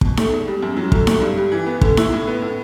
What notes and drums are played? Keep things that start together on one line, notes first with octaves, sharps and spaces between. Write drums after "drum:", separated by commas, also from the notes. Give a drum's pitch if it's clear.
B2, drum: kick
A3, drum: snare D#4
E2
G3
F#2
F#3
D3, drum: kick
A3, drum: snare D#4
G2
G3
E3
B3
D3, drum: kick
E4, drum: snare D#4
A2
B3
A2